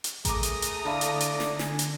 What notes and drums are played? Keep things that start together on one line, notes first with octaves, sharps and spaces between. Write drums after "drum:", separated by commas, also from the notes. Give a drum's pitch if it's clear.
drum: hi-hat
A3 G#4 A#4 A#5 D6 D#6, drum: kick A1, hi-hat
drum: hi-hat
drum: hi-hat
D3 E4 D5 F5 A5 A#6
drum: hi-hat
drum: hi-hat
drum: snare
G#5, drum: snare
drum: hi-hat